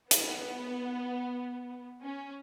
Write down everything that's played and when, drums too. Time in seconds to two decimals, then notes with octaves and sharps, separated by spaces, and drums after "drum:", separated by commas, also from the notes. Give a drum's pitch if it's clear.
0.11 B3, drum: hi-hat
2.03 C#4